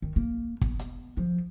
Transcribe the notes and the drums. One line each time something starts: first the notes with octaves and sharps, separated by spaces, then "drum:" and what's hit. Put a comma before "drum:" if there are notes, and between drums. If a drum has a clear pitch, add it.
D#3
A#3
B3, drum: kick
drum: hi-hat
F3